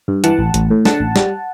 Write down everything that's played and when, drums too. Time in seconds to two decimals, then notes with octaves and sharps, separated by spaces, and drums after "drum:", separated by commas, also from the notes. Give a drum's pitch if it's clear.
0.08 G2
0.24 E3 F#5 A5, drum: hi-hat
0.39 A1
0.54 A1, drum: hi-hat
0.70 A2
0.85 D3 F#5 A5, drum: snare
1.00 A1
1.16 G3, drum: snare